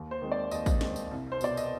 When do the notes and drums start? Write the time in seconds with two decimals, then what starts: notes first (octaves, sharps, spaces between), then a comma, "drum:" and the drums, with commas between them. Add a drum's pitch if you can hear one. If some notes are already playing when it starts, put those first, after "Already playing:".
Already playing: D#2
0.11 C5
0.22 D#3 G#3 C4
0.32 D5
0.51 D#2 D#5, drum: tambourine
0.66 drum: kick, tambourine
0.81 D#3 G#3 C4, drum: snare
0.96 drum: tambourine
1.11 C2
1.32 C5
1.41 B2 B3 D5, drum: tambourine
1.57 D#5, drum: tambourine